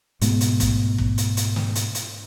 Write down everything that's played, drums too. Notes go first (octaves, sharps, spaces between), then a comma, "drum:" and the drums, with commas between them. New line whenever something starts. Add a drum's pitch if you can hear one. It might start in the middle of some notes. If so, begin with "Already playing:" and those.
G#2 B2 A3 B3, drum: hi-hat
drum: hi-hat
drum: kick, hi-hat
drum: kick
drum: hi-hat
drum: hi-hat
drum: snare
drum: hi-hat
drum: hi-hat